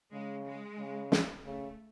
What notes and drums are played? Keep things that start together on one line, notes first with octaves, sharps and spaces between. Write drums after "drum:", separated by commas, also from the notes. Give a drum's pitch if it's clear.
C#3 G#3
G#3
C#3
drum: snare
C#3 A3